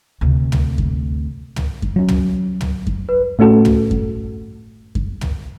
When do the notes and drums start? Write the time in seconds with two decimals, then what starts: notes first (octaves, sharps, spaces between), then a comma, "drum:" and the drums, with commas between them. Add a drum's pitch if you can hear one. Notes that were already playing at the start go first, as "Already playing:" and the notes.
0.21 D2 C3
0.52 drum: tom
0.78 drum: kick F#2
1.56 drum: tom
1.82 drum: kick F#2
1.96 F#3 C#4
2.08 drum: tom
2.61 drum: tom
2.87 drum: kick F#2
3.09 B4
3.39 A2 A3 C#4 F#4 A4
3.65 drum: tom
3.91 drum: kick F#2
4.95 drum: kick F#2
5.21 drum: tom